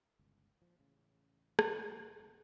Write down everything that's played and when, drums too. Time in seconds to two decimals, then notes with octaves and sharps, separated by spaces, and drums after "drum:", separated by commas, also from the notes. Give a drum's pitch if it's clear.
0.19 G1 C#2
0.62 A#2 F3
0.79 A1 C#3
1.59 F#1, drum: rim click
2.19 F#1 D2 B2 D#3